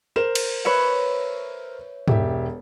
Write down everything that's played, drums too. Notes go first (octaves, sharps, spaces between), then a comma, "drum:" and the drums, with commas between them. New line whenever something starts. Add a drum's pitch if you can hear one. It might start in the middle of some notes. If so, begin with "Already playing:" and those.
A#4 C5 E7
drum: cymbal
B4 C#5 E5
E1 G4 E5, drum: tom